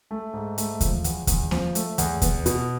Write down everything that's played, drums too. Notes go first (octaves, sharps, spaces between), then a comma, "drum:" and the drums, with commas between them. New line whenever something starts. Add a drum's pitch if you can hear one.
A3
G#2
A3, drum: hi-hat
F3, drum: kick D#2, hi-hat
E2, drum: hi-hat
E2, drum: kick D#2, hi-hat
F3, drum: snare A#3
A3, drum: hi-hat
E2, drum: hi-hat
B3, drum: kick D#2, hi-hat
B2, drum: hi-hat